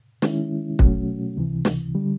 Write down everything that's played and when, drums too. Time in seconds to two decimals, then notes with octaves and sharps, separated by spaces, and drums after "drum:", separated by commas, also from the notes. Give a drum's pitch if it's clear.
0.22 D#3 G#3 C#4 E4, drum: snare
0.79 B2 F#3 A3 C#4 F#4, drum: kick
1.37 C#2 C3 E3
1.65 drum: snare
1.95 D3 G3